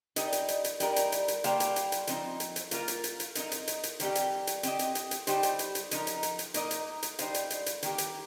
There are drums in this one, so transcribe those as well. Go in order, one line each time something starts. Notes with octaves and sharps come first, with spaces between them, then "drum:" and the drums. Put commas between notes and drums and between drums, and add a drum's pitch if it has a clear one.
G3 D#4 A#4 D#5, drum: hi-hat
drum: hi-hat
drum: hi-hat
drum: hi-hat
G3 D#4 A#4, drum: hi-hat
drum: hi-hat
drum: hi-hat
drum: hi-hat
G3 A#3 G4 C5 F5, drum: hi-hat
drum: hi-hat
drum: hi-hat
drum: hi-hat
F3 C4 D#4, drum: hi-hat
drum: hi-hat
drum: hi-hat
A#3 F4 A#4 F5, drum: hi-hat
drum: hi-hat
drum: hi-hat
drum: hi-hat
C4 D#4 A#4 D#5, drum: hi-hat
drum: hi-hat
drum: hi-hat
drum: hi-hat
D#3 G3 C4 G4, drum: hi-hat
drum: hi-hat
drum: hi-hat
C4 G4 D#5, drum: hi-hat
drum: hi-hat
drum: hi-hat
drum: hi-hat
G3 D#4 G4 C5, drum: hi-hat
drum: hi-hat
drum: hi-hat
drum: hi-hat
F3 D#4 A#4, drum: hi-hat
drum: hi-hat
drum: hi-hat
drum: hi-hat
A#3 D#4 A#4 D#5, drum: hi-hat
drum: hi-hat
drum: hi-hat
G3 D#4 C5 F5, drum: hi-hat
drum: hi-hat
drum: hi-hat
drum: hi-hat
D#3 A#3 G4, drum: hi-hat
drum: hi-hat